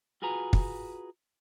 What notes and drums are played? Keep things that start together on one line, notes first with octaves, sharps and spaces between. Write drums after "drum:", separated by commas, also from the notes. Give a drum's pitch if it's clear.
F4 F#4 G#4 B4 A#5
drum: kick